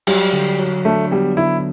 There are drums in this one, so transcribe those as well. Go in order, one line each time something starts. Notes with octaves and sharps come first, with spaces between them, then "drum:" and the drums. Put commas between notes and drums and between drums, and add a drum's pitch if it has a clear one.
F#3 G3, drum: cymbal
D3
F#3
A3 D4
G3 B3
D3 E4